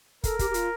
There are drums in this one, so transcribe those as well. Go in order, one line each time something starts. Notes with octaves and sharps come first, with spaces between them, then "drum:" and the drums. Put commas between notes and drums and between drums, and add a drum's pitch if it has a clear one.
A4 A#4, drum: kick, hi-hat
G4, drum: kick, hi-hat
G4
F4, drum: hi-hat